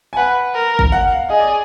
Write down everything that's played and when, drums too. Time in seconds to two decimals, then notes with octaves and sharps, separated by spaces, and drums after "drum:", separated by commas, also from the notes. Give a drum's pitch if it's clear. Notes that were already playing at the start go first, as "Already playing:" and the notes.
0.13 G#5
0.17 B4 F#5
0.55 A#4
0.79 drum: kick
0.92 F#5
1.11 F5
1.30 G#4 D#5
1.39 D5